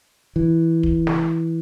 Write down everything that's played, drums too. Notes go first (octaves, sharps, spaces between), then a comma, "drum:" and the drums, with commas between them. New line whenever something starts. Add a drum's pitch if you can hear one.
E3
drum: kick
drum: snare